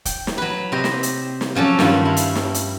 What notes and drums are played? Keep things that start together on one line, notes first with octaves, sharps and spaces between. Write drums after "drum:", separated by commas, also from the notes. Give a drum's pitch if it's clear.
G5, drum: kick, hi-hat
drum: snare
F#3 B4
C3 C4 C5 D#5 G5
drum: snare
drum: hi-hat
drum: snare
F3 F#3 C#4 A4 D5
G2 D#3 F4 F#4 C#5, drum: snare
E4 F5
drum: hi-hat
drum: snare
drum: hi-hat